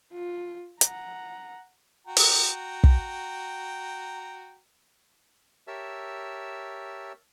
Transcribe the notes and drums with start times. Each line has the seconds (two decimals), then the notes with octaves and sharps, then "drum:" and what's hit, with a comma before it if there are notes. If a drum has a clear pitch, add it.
0.12 F4
0.81 F#5 A#5, drum: hi-hat
2.07 F#4 G5 A#5
2.17 drum: open hi-hat
2.84 drum: kick
5.67 G4 A#4 C#5 E5 A5 E6